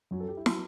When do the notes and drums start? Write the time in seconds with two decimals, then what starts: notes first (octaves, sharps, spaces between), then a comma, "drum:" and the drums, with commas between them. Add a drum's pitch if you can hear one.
0.11 F#2 F#3
0.20 A4
0.28 G4
0.37 E4
0.46 F#3 F#4, drum: snare